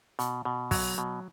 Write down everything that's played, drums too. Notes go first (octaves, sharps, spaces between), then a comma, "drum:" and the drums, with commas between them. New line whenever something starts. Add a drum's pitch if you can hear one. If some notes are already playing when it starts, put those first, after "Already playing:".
B2, drum: hi-hat
B2
F#3, drum: kick, open hi-hat
B2